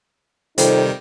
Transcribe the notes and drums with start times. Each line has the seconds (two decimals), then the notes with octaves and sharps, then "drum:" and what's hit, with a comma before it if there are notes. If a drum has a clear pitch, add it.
0.58 F2 C3 D#3 G3 D#4, drum: hi-hat